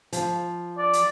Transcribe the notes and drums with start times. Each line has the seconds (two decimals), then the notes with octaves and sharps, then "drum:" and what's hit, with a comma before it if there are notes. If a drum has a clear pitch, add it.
0.13 F3, drum: hi-hat
0.78 D5
0.93 drum: hi-hat